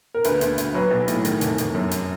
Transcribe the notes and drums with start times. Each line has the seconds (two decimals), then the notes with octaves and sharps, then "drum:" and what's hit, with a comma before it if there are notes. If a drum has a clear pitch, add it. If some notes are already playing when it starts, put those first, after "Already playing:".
0.14 A#4
0.24 D2 B4, drum: hi-hat
0.41 D2, drum: hi-hat
0.58 D2, drum: hi-hat
0.74 F#3 B4
0.91 B1
1.08 A2, drum: hi-hat
1.25 D#3, drum: hi-hat
1.41 F1, drum: hi-hat
1.58 F1, drum: hi-hat
1.75 F#2
1.91 drum: hi-hat